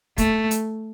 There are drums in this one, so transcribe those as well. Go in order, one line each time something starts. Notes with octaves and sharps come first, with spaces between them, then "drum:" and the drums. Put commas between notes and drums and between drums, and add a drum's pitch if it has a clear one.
A3, drum: kick, hi-hat
drum: hi-hat